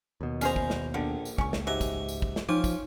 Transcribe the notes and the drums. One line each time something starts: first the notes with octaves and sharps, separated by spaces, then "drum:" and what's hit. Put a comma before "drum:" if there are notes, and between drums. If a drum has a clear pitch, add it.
D#2 B2
E2 C#4 G#4 C5 A#5, drum: tambourine
drum: kick
drum: snare
A#1 D3 G4
drum: tambourine
C#2 C#4 C#6, drum: kick
drum: snare
G#2 F#3 G4 E5
drum: kick, tambourine
drum: tambourine
drum: kick
drum: snare
F3 C#4 D#4 G5 C6
drum: kick, tambourine